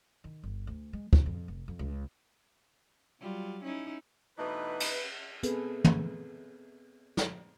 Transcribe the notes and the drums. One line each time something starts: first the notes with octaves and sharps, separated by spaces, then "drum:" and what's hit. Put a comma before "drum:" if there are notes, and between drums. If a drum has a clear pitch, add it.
D#3
G1
D2
G#3
B2, drum: kick
F2
F1
F2
C#2
F#3 G3 F4
C#4 D#4 E4
B2 E3 A3 B3 D4 D#4 B4
drum: cymbal
B3 C4 G#4 A4 B4, drum: hi-hat
drum: tom
drum: snare